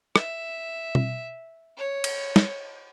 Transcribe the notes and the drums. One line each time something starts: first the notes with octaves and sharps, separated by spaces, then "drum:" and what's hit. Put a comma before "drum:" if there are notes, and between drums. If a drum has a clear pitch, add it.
E5, drum: rim click
drum: tom B2
C#5
drum: cymbal
drum: snare